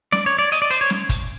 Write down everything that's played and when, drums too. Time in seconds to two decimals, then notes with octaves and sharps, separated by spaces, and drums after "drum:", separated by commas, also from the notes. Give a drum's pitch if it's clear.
0.12 D5, drum: snare
0.26 C#5
0.39 D5
0.52 D#5, drum: hi-hat
0.62 D5
0.71 C5, drum: hi-hat
0.81 C#5
0.90 drum: snare
1.09 drum: kick, hi-hat